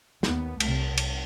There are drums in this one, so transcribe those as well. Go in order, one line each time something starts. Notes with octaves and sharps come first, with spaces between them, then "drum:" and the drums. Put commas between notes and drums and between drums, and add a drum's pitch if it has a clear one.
D#2 B3, drum: snare
C2 C3 A3, drum: cymbal
drum: cymbal